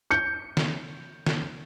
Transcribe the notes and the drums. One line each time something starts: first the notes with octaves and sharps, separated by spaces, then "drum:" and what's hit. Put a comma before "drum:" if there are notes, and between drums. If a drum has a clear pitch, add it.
G6 C#7
drum: snare
drum: snare